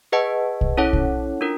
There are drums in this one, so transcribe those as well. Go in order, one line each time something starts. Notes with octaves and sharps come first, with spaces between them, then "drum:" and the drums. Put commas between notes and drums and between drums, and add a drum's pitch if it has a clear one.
G#4 B4 D#5 F#5 A5
drum: kick
C#4 E4 A4 C#5 F#5
drum: kick
D4 F4 A#4